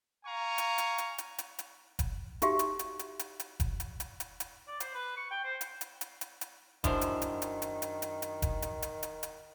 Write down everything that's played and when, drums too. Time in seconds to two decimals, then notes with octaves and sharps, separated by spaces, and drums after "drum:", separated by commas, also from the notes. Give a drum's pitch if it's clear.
0.25 F5 G#5 A#5 C#6
0.58 drum: hi-hat
0.78 drum: hi-hat
0.98 drum: hi-hat
1.18 drum: hi-hat
1.38 drum: hi-hat
1.59 drum: hi-hat
1.99 drum: kick F1, hi-hat
2.42 D#4 F#4 G4 E5, drum: hi-hat
2.59 drum: hi-hat
2.79 drum: hi-hat
2.99 drum: hi-hat
3.19 drum: hi-hat
3.40 drum: hi-hat
3.60 drum: kick F1, hi-hat
3.80 drum: hi-hat
4.00 drum: hi-hat
4.20 drum: hi-hat
4.40 drum: hi-hat
4.68 D5
4.80 C5, drum: hi-hat
4.94 B4
5.17 C#6
5.31 G5
5.44 C5
5.61 drum: hi-hat
5.81 drum: hi-hat
6.01 drum: hi-hat
6.21 drum: hi-hat
6.41 drum: hi-hat
6.84 F#2 D#3 D4 E4 C5, drum: kick F1, hi-hat
7.01 drum: hi-hat
7.22 drum: hi-hat
7.42 drum: hi-hat
7.62 drum: hi-hat
7.82 drum: hi-hat
8.02 drum: hi-hat
8.22 drum: hi-hat
8.42 drum: kick F1, hi-hat
8.62 drum: hi-hat
8.82 drum: hi-hat
9.03 drum: hi-hat
9.23 drum: hi-hat